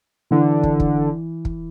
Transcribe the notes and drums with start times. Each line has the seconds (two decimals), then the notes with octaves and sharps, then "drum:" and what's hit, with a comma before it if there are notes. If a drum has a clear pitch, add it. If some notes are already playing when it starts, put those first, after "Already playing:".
0.31 D3 E3
0.63 drum: kick
0.80 drum: kick
1.45 drum: kick